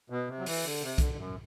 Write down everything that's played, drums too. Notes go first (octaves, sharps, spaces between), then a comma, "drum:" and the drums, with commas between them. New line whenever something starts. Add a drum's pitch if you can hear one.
B2
C3
F#3
E3, drum: open hi-hat
D3
C3
D3, drum: kick B1, hi-hat
F#2